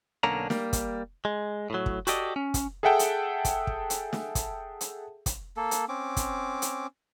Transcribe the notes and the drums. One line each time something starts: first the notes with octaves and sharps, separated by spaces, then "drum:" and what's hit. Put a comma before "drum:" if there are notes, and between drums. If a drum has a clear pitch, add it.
B1 D3 A#3 C#4 D4 A#5
G3 A#3, drum: snare
drum: kick, hi-hat
G#3
A2 F#3
drum: kick
F#4 G4 A4 D5 D#5, drum: hi-hat
C#4
drum: kick, hi-hat
G#4 A4 E5 F#5 G5 A5
drum: hi-hat
drum: kick, hi-hat
drum: kick
drum: hi-hat
drum: snare
drum: kick, hi-hat
drum: hi-hat
drum: kick, hi-hat
A#3 A4
drum: hi-hat
C4 C#4 D6
drum: kick, hi-hat
drum: hi-hat